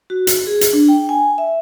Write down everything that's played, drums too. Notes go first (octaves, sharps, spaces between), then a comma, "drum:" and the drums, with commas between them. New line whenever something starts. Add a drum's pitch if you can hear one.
F#4
drum: hi-hat
G#4
drum: hi-hat
D4
G5
G#5
E5